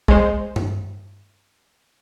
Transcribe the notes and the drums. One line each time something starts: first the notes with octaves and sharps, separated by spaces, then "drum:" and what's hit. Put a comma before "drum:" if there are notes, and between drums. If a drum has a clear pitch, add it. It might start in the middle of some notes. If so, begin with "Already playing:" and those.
G#3 C5, drum: kick
drum: tom G2